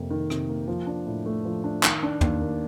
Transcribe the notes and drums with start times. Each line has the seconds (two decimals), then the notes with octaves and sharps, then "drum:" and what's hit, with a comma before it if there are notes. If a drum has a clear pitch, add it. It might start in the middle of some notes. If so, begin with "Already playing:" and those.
Already playing: F2 C3 A#3
0.11 D#3
0.30 C3, drum: rim click
0.49 A#3
0.68 F3
0.87 D4
1.06 A2
1.26 A3
1.45 F3
1.64 D4
1.83 D#3, drum: clap
2.03 D4
2.21 D#2, drum: tom
2.41 A#3